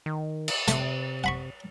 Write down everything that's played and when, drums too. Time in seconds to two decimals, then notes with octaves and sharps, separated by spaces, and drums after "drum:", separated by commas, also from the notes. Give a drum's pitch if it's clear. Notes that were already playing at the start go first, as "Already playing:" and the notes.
0.06 D#3
0.48 drum: cymbal
0.68 C3 A3, drum: hi-hat
1.24 F#5 B5 C#6